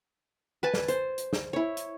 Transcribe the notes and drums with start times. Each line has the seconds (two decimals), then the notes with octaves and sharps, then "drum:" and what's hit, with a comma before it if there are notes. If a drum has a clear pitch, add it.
0.63 B4 G#5 A5
0.74 drum: snare
0.88 C5, drum: hi-hat
1.18 drum: hi-hat
1.33 drum: snare
1.53 E4 C#5
1.77 drum: hi-hat